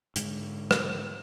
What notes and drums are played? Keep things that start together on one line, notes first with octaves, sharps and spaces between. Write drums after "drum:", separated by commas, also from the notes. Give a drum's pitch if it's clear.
G#2 D3 G#3, drum: hi-hat
drum: rim click